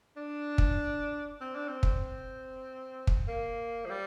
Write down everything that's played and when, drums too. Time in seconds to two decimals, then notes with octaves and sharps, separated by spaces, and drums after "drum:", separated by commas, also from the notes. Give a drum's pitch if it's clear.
0.17 D4
0.58 drum: kick
1.41 C4
1.55 D4
1.68 C4
1.83 drum: kick
3.07 drum: kick
3.28 A#3
3.86 F3
3.90 G3